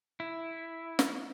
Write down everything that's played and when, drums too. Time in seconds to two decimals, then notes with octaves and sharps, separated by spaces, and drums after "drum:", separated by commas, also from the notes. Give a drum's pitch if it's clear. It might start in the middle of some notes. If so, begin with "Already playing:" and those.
0.20 E4
0.99 drum: snare